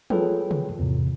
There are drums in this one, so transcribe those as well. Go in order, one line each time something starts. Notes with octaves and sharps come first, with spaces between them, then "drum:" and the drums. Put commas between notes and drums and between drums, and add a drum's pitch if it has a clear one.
F4 G#4 A4 B4 C#5 G5, drum: tom
drum: tom
E2 G#2 C3